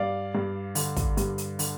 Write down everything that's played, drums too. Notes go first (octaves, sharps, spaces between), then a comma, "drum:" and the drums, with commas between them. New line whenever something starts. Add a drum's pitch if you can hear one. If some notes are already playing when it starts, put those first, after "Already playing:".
Already playing: G2 D5 F5
G2
D3, drum: open hi-hat
drum: kick, hi-hat
G2, drum: hi-hat
drum: hi-hat
D3, drum: open hi-hat